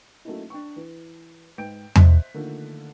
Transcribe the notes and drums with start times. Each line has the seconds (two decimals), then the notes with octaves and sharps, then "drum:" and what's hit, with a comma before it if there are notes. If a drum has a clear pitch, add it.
0.25 F#3 A3 A#3 C#4 D#4 E4
0.50 D4 G5 C#6
0.76 E3
1.58 G#2 B4 G5 G6 D7
1.96 C5 D#5 E5 F#6 B6, drum: tom E2
2.34 D3 D#3 F3 A3 A#3 D4